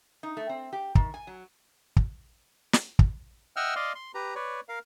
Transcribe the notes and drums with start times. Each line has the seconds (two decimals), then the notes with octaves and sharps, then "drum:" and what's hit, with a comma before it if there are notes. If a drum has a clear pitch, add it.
0.23 D#4
0.37 A3
0.49 C4
0.73 G4
0.95 D#3, drum: kick
1.14 G#5
1.27 F#3
1.96 drum: kick
2.73 drum: snare
2.99 drum: kick
3.56 D#5 E5 F#5 G5 E6 F6
3.76 D5 D#5 F5 C6
3.95 C6
4.14 G4 B4 A#5
4.35 B4 C#5 D5
4.69 A#4 F5